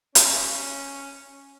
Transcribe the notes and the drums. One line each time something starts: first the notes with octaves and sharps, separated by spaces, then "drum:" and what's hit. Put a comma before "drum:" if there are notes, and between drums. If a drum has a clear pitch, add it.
C#4, drum: hi-hat